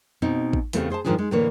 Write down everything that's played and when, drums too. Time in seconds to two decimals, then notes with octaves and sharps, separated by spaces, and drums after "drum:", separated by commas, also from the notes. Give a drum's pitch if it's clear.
0.22 B2 C4 D#4
0.53 drum: kick A1
0.73 E2 C#3 A3 C4 G4 F5, drum: hi-hat
0.90 G#4 C5 F5 A5
1.05 G#2 B2 D#3 F3 D4 G#4
1.18 G#3 D#4
1.31 A2 D3 E3 A#3 C#5